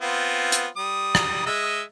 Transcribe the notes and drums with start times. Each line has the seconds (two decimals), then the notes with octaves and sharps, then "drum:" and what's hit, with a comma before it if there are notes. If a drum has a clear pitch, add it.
0.01 B3 C4 F4
0.52 drum: hi-hat
0.77 G3 D#6
1.15 drum: rim click
1.46 G#3 D#5 E5